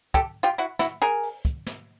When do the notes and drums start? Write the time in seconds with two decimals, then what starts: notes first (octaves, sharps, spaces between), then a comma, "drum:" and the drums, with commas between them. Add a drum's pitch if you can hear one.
0.14 G4 A4, drum: kick, hi-hat
0.43 F4 G4
0.58 E4 F#4, drum: hi-hat
0.79 E4 F#4, drum: snare
1.02 G#4 A#4, drum: hi-hat
1.23 drum: open hi-hat
1.45 drum: kick, hi-hat
1.67 drum: snare